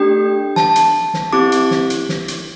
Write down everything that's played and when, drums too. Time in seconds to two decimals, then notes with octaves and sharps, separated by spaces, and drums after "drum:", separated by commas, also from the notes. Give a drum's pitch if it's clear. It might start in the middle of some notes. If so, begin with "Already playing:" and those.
Already playing: A3 D4 G4 G5
0.56 A5, drum: snare
0.76 drum: hi-hat
1.14 drum: snare
1.33 C4 E4 G4 D6
1.52 drum: hi-hat
1.71 drum: snare
1.90 drum: hi-hat
2.09 drum: snare
2.28 drum: hi-hat